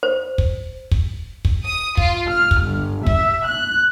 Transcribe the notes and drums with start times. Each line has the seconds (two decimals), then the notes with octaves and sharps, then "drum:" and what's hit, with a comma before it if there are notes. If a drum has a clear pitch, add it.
0.03 C5
0.38 drum: kick
0.91 drum: kick
1.45 drum: kick
1.66 D#6
1.97 F4, drum: kick
2.30 F6
2.51 drum: kick
2.65 G1
3.07 E5, drum: kick
3.49 F#6